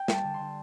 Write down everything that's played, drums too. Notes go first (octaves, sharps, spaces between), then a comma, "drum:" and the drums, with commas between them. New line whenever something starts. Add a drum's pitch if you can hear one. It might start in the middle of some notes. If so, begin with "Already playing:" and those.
Already playing: G5
G3 A5, drum: snare
D3
C6
D3